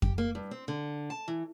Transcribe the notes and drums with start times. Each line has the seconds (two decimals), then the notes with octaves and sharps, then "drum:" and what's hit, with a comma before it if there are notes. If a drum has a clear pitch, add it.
0.02 G4, drum: kick F2
0.18 A#3
0.35 G2
0.51 C4
0.68 D3
1.10 A5
1.28 E3